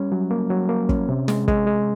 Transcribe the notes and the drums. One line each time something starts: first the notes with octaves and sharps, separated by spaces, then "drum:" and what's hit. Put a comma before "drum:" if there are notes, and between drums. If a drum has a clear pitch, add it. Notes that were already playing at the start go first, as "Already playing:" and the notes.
Already playing: G3 C#4
F#3
A#3
F#3
A#3
C#4, drum: kick
C3
G#3, drum: snare
G#3, drum: kick
G#3